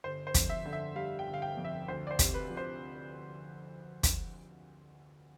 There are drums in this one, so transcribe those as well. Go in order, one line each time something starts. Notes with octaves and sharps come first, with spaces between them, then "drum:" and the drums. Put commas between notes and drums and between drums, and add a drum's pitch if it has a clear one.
G1 C5
C5
F2, drum: kick, hi-hat
E5
D3
E5
G3 F5
G5
G1
F5
G5
F2
E5
D2 C5
D5
C5
C3, drum: kick, hi-hat
B4
F3
C5
drum: kick, hi-hat